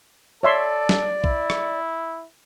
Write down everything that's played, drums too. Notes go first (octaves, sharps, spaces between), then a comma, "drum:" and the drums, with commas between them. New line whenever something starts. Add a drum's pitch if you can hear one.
A4 C#5 D5 E5 C6
drum: snare
E4, drum: kick B1
drum: rim click